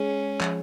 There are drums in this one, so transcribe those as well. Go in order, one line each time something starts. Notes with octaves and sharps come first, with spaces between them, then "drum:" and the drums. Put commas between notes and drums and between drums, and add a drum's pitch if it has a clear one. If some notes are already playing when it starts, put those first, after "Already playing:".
Already playing: G#3 C#4
F3, drum: clap